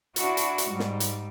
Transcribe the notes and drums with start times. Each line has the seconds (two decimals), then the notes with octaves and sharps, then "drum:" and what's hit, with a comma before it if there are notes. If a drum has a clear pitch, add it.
0.16 D4 E4 F#4, drum: hi-hat
0.37 drum: hi-hat
0.58 drum: hi-hat
0.69 G#2 G3
0.79 drum: snare
1.00 drum: hi-hat